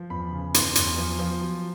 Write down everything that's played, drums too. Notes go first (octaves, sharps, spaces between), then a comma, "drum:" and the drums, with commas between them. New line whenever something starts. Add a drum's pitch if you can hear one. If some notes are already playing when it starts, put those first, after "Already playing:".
Already playing: F3
E2 B5
C#3
E2 C6, drum: hi-hat
E2, drum: hi-hat
F3
F3
F#3